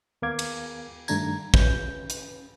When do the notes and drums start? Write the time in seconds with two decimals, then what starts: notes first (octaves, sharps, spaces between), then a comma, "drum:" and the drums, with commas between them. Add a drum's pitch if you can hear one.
0.22 D#2 B3 A#4 F5 D6 G#6
0.39 drum: cymbal
1.08 G2 D#3 A3 D4 A#5 G#6, drum: tambourine
1.54 C#4 B4 G6, drum: kick
2.10 drum: hi-hat